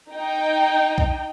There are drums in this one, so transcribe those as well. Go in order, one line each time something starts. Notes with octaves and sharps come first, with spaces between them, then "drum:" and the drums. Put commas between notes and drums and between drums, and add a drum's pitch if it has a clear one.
D#4 G5
drum: kick B1